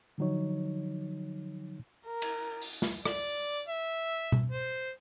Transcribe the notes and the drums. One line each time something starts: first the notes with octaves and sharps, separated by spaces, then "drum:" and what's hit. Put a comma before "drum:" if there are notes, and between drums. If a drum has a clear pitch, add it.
D3 F3 F#3 D#4 C#5
A#4
drum: cymbal
drum: open hi-hat
drum: snare
D5, drum: rim click
E5
drum: tom B2
C5